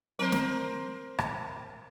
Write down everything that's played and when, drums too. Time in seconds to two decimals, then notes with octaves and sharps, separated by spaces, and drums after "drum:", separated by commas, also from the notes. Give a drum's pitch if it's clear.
0.19 F#3 C4 A#4 C5
0.32 drum: snare
1.18 drum: rim click